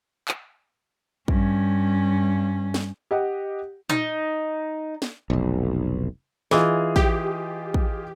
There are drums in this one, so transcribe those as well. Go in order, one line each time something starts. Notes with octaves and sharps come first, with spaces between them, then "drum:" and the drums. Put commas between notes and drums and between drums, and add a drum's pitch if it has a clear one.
drum: clap
G2 C#4, drum: kick
drum: snare
G4 D#5 F#5
D#4, drum: tom A#2
drum: snare
F1 B1
E3 F4 G#4 D#5, drum: snare
G4, drum: kick
drum: kick